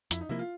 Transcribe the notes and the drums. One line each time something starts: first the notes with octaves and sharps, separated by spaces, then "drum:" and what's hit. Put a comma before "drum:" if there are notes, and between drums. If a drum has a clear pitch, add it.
F2 E4, drum: hi-hat
D#4
C3 F3 A#3 E4
F4